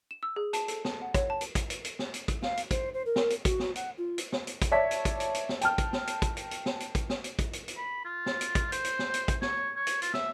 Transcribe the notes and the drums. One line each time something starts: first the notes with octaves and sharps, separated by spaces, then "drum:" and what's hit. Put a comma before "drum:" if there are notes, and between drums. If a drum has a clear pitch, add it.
E7
E6
G#4
A5, drum: hi-hat
A4, drum: hi-hat
A5, drum: snare
F#5
C#5, drum: kick, hi-hat
A5
drum: hi-hat
drum: kick, hi-hat
drum: hi-hat
drum: hi-hat
drum: snare
drum: hi-hat
drum: kick, hi-hat
F5, drum: snare
drum: hi-hat
C5, drum: kick, hi-hat
C5
A#4
drum: snare
drum: hi-hat
F#4, drum: kick, hi-hat
drum: snare
F#5, drum: hi-hat
F4
drum: hi-hat
drum: snare
drum: hi-hat
drum: kick, hi-hat
C#5 D5 E5 A5 B6
drum: hi-hat
drum: kick, hi-hat
drum: hi-hat
drum: hi-hat
drum: snare
G5 A5 F6, drum: hi-hat
drum: kick, hi-hat
drum: snare
drum: hi-hat
drum: kick, hi-hat
drum: hi-hat
drum: hi-hat
drum: snare
drum: hi-hat
drum: kick, hi-hat
drum: snare
drum: hi-hat
drum: kick, hi-hat
drum: hi-hat
drum: hi-hat
B5
F4
drum: snare
drum: hi-hat
drum: kick, hi-hat
C5, drum: hi-hat
drum: hi-hat
drum: snare
drum: hi-hat
drum: kick, hi-hat
C#5, drum: snare
C#5
drum: hi-hat
F4, drum: hi-hat
E5, drum: snare